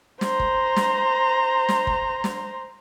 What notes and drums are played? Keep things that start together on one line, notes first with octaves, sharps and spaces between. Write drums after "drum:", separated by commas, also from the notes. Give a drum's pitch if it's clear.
C5 A#5, drum: snare
drum: kick
drum: snare
drum: snare
drum: kick
drum: snare